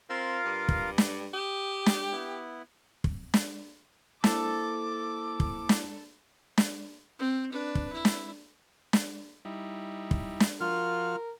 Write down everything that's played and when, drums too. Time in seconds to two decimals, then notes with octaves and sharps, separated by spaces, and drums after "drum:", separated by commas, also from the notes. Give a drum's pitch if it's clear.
0.10 C4 F4 A#4 F5
0.45 G2
0.69 drum: kick
0.98 drum: snare
1.34 G4 D#6
1.86 drum: snare
2.12 B3 E4
3.04 drum: kick
3.34 drum: snare
4.24 A#3 E4 A4 C5 D6, drum: snare
5.40 drum: kick
5.69 drum: snare
6.58 drum: snare
7.19 C4
7.52 D4 B4
7.75 drum: kick
7.93 E4
8.05 drum: snare
8.93 drum: snare
9.45 G3 D#4 E4
10.11 drum: kick
10.40 drum: snare
10.61 F3 F4 F#4 A#4 F6